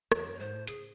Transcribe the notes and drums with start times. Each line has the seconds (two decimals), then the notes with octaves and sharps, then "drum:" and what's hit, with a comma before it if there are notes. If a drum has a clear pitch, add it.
0.12 E2 C#5, drum: rim click
0.25 F#2
0.33 C#5
0.39 G#2 C5
0.53 A2
0.67 C#3 G#4, drum: hi-hat